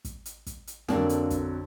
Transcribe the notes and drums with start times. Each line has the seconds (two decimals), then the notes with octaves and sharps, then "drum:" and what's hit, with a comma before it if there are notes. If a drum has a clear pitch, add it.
0.05 drum: kick, hi-hat
0.26 drum: hi-hat
0.46 drum: kick, hi-hat
0.67 drum: hi-hat
0.88 F2 D3 F#3 A#3 D4, drum: snare
1.09 drum: hi-hat
1.30 drum: kick, hi-hat